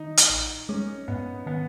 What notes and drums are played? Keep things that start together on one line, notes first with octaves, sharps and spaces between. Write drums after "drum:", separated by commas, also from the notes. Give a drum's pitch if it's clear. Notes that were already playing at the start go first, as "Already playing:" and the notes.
Already playing: D#3 D#4
drum: hi-hat
A1
G#3 C#4
G#2 B3
D#3 B3